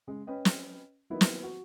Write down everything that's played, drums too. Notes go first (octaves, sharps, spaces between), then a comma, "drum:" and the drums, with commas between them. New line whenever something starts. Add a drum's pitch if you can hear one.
C#3 G#3
C#4 B4 D#5 G5
drum: snare
D#3 F#3 A#3 B3 D#4 E4
drum: snare
F#4